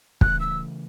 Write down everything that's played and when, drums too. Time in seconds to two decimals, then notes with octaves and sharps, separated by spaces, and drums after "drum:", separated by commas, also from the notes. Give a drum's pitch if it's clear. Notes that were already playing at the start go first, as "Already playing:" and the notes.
0.21 C#3 E3 A3 F#6, drum: kick
0.40 E6